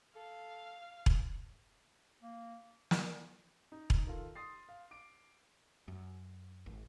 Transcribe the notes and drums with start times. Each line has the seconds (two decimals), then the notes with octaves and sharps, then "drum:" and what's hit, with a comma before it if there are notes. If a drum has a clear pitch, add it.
0.16 A4 F5
1.06 drum: kick E1
2.22 A#3
2.91 drum: snare
3.72 D#4
3.90 drum: kick E1
4.07 D#3 F4 A4
4.35 C6 D#6 A6 C7
4.69 F5
4.91 D6 D7
5.88 F#2
6.66 G#1